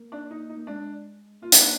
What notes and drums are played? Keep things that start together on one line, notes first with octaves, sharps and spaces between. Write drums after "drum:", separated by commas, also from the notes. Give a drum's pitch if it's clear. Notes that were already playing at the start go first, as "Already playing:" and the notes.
Already playing: A#3
D4
D#4
D#4
A#3
G#3 D4
A#3 F4
D#4, drum: hi-hat
D4